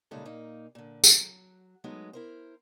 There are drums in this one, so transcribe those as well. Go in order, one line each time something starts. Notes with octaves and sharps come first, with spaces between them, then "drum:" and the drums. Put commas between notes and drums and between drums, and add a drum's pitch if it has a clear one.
A#2 C#3 G3 G#3 D#4 A4
A#2 A#3 D#4
A#2 D3
F#3, drum: tambourine
F#3 G#3 A3 B3 D#4
E4 A#4 C5